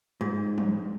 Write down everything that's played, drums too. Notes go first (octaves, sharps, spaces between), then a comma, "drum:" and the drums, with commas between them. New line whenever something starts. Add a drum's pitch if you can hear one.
G#2
drum: tom